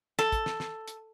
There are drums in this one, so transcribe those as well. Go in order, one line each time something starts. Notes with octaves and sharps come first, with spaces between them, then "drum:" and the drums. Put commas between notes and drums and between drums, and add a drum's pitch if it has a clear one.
A4, drum: snare
drum: kick, hi-hat
drum: snare
drum: snare
drum: hi-hat